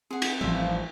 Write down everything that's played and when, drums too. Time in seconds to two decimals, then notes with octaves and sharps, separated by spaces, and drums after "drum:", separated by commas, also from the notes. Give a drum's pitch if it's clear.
0.11 C4 G#4 F#5
0.22 drum: cymbal
0.41 A1 F3 G3 E5